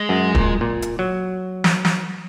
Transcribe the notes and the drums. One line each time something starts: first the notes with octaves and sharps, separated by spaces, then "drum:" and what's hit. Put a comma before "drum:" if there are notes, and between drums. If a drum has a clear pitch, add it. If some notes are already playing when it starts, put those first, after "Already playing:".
Already playing: G#3
F#2
A#2, drum: kick
A#2
drum: hi-hat
F#3
drum: snare
drum: snare